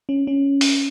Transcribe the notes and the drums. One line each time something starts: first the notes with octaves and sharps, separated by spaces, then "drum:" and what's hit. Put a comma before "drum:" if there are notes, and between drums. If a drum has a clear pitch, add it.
C#4
C#4
drum: open hi-hat